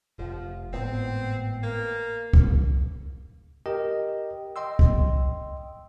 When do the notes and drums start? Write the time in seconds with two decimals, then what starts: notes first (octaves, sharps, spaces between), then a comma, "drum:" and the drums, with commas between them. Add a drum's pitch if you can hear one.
0.18 F1 F3
0.73 G#1 A2 B3 C4
1.63 A#3
2.33 drum: kick
3.66 G4 A#4 D#5 G5
4.56 D#5 G5 C6 E6
4.79 drum: kick